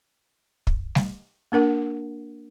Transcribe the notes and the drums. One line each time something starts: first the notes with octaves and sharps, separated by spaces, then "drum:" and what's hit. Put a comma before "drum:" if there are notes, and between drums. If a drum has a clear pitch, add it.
drum: kick
drum: snare G3
A#3 D4 A#4 F#5